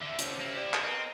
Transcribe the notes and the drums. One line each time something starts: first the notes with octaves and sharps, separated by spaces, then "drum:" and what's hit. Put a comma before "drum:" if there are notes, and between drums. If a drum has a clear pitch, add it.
D#2 D3 E5
C3 C#4, drum: hi-hat
A#3 E4
G4 C5 D5
drum: clap
B3 C4 A#4 D#5